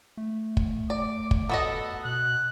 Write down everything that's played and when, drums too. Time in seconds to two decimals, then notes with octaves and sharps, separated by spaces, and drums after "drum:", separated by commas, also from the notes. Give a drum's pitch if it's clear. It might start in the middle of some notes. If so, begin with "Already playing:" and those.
0.17 A3
0.57 drum: kick
0.90 D5 D6
1.31 drum: kick
1.49 B3 F#4 A4 D#5
2.05 B2 F#6